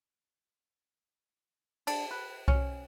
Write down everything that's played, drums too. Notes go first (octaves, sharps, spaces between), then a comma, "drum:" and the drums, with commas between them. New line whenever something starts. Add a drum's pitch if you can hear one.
D4, drum: cymbal
B4
C#4, drum: kick C2